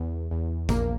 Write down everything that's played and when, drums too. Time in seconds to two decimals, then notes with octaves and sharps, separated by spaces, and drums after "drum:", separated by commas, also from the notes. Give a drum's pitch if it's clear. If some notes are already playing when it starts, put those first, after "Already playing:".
Already playing: E2
0.31 E2
0.69 A#1 A#3, drum: kick, tambourine